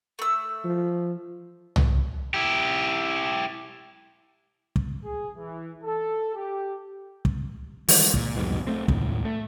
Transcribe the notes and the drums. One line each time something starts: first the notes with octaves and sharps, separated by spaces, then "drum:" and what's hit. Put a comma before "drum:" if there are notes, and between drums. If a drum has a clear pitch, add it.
A3 E6
F3
drum: tom C2
E4 G4
drum: kick
G#4
E3
A4
G4
drum: kick
D#3 E3 G3 G#3, drum: open hi-hat
A#2, drum: kick
C2 F2 G#2 B2
A3 C4
D#2 A2, drum: kick
A3